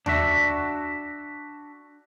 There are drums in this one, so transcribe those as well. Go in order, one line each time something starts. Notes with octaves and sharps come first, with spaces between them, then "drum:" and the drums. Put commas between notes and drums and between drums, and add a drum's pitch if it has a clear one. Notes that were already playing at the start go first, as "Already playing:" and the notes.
D4 F#4 E5, drum: tom D#2